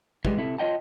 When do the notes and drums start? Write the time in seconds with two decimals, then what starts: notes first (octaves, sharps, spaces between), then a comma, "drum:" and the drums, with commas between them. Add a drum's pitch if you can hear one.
0.25 E3 G3 G#3, drum: kick
0.37 C3 E4 A4
0.58 F4 C#5 D#5 G5 A5